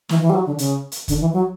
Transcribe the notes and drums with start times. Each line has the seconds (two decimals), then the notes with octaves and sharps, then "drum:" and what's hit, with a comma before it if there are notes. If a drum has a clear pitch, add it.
0.09 E3, drum: snare
0.21 E3
0.30 G3
0.34 F#3
0.46 D3
0.58 C#3, drum: hi-hat
0.92 drum: hi-hat
1.08 D3, drum: kick, hi-hat
1.21 E3
1.33 F#3